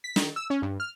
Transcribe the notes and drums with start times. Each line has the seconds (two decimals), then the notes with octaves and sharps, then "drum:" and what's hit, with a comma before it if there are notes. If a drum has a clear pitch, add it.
0.04 B6
0.16 D#3, drum: snare
0.36 E6
0.50 C#4
0.62 G2
0.80 F6